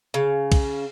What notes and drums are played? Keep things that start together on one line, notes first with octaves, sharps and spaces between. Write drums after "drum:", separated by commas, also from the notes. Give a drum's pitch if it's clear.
C#3
drum: kick B1, cymbal